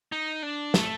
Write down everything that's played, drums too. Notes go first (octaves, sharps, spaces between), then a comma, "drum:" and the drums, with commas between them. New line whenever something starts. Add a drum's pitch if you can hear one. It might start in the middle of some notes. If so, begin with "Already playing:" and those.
D#4
D4
A3, drum: snare